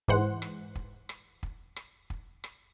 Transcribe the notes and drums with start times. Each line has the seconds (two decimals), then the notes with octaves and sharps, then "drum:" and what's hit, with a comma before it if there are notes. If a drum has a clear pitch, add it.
0.08 G#2 E3 C5 F#5, drum: kick
0.42 drum: rim click
0.75 drum: kick
1.09 drum: rim click
1.43 drum: kick
1.76 drum: rim click
2.10 drum: kick
2.44 drum: rim click